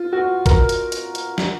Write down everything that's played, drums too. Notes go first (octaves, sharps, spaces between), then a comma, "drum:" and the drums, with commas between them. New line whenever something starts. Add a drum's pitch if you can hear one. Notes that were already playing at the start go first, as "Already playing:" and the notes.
Already playing: F4
F#4
A#4, drum: kick, hi-hat
drum: hi-hat
drum: hi-hat
drum: hi-hat
drum: snare